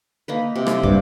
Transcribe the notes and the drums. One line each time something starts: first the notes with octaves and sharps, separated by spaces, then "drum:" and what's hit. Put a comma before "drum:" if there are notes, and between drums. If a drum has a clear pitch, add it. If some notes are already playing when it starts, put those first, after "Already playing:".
A#3 D#4 B4
C3
drum: rim click
G2 D6, drum: kick